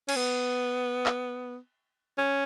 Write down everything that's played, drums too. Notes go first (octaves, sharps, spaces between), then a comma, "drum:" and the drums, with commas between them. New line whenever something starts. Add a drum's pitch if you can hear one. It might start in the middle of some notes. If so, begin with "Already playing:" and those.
C#4, drum: cymbal
B3
drum: clap
C#4